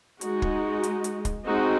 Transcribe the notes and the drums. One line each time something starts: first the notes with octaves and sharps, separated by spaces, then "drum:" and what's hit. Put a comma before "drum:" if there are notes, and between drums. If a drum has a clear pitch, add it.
G#3 D#4 F#4, drum: hi-hat
drum: kick
drum: hi-hat
drum: hi-hat
drum: kick, hi-hat
G#3 C4 D#4 F#4